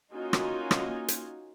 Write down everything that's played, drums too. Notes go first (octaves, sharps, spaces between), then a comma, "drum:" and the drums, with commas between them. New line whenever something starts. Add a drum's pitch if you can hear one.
A#3 C#4 D#4 F4 F#4 G#5
drum: rim click
drum: rim click
drum: hi-hat